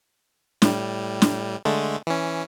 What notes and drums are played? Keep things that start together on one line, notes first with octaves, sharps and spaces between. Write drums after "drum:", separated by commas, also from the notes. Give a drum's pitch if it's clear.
A2 G3, drum: snare
drum: snare
D3 G#3 A3
E3 C#4